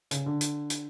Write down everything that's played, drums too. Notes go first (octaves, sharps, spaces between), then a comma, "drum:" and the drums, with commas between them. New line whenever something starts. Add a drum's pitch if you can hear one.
C#3, drum: hi-hat
D3
drum: hi-hat
drum: hi-hat